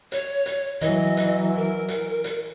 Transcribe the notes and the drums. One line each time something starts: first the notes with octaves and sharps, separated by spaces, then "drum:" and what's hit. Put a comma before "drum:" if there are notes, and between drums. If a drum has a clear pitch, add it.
C#5, drum: hi-hat
drum: hi-hat
E3 F#3 D#5, drum: hi-hat
drum: hi-hat
A#4
drum: hi-hat
drum: hi-hat